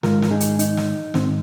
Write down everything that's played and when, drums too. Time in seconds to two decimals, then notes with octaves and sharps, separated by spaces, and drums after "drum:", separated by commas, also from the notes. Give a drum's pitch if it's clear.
0.03 G#2 D#3 G#3 F4 A#4, drum: snare
0.22 F4, drum: snare
0.31 D#4 G#4
0.40 drum: hi-hat
0.59 D#4, drum: hi-hat
0.77 drum: snare
1.14 G#2 D#3 G#3 C4, drum: snare